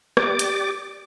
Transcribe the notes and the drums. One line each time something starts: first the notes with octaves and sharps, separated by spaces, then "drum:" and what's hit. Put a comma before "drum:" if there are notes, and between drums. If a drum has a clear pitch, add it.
G4 D5 D6, drum: rim click
drum: hi-hat